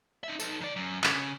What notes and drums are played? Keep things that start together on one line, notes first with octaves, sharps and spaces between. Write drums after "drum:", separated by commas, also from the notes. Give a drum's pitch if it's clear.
D#4 E5
D#4 A4, drum: tambourine
D#3 D5
F#2
C#3, drum: clap